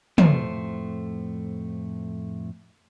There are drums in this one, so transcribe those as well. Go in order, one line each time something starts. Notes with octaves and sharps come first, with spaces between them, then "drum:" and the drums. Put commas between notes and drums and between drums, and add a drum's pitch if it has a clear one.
F2 A2 A3 C5, drum: tom